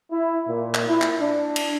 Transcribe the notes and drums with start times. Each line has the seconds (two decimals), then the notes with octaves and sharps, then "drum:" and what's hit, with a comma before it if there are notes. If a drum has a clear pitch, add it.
0.11 E4
0.47 A#2
0.74 drum: clap
0.88 E4
1.01 drum: clap
1.20 D4
1.56 drum: cymbal